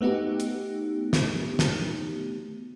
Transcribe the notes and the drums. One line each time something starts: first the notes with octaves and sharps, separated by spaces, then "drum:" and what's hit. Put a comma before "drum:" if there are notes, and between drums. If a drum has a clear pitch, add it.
A3 B3 D#4 F#4 G4
drum: hi-hat
drum: snare
drum: snare